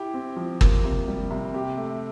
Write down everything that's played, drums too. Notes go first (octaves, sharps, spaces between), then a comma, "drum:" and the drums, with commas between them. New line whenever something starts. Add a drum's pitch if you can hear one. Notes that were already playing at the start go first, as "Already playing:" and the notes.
Already playing: E4 G4
C4
F3
A#3, drum: kick
C3
G3
C3
G4
A3